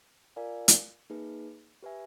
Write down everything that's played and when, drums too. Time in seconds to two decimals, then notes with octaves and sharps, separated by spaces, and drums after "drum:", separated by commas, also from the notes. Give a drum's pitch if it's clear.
0.36 F4 A#4 D5 F5 G#5
0.68 drum: hi-hat
1.10 A#3 D#4 G#4 B4
1.83 G4 B4 E5 G#5